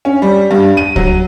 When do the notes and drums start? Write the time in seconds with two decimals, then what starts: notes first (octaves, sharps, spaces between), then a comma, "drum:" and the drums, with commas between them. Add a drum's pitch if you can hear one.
0.05 C#4
0.22 G3
0.51 G2
0.77 D#7
0.96 F#3, drum: kick